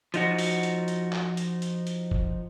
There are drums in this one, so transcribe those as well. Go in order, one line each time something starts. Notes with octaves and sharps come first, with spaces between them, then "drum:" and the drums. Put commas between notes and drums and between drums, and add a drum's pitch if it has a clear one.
F3 D#4 F#4, drum: hi-hat
drum: open hi-hat
drum: hi-hat
drum: hi-hat
drum: clap
drum: hi-hat
drum: hi-hat
drum: hi-hat
drum: kick